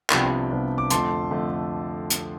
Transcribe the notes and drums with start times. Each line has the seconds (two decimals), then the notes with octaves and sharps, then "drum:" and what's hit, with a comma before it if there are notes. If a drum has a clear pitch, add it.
0.10 C2 C3 F3 B3 D4 G5 B5, drum: clap
0.51 C2 C3 F3 B3 D4
0.78 D6
0.90 F2 D3 F3 A3 A5 C6, drum: hi-hat
1.31 F2 D3 F3 A3
2.10 drum: hi-hat